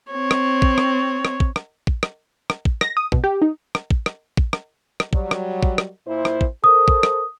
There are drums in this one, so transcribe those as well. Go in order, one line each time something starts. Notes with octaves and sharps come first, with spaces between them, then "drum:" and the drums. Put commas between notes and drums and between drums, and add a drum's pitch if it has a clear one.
C4 C#5
drum: rim click
drum: kick
drum: rim click
drum: rim click
drum: kick
drum: rim click
drum: kick
drum: rim click
drum: rim click
drum: kick
A#6, drum: rim click
D#6
B2, drum: kick
G4
D#4
drum: rim click
drum: kick
drum: rim click
drum: kick
drum: rim click
drum: rim click
F#3 G3, drum: kick
drum: rim click
drum: kick
drum: rim click
A#2 E4 C5
drum: rim click
drum: kick
A4 A#4 C5 D#6
drum: kick
drum: rim click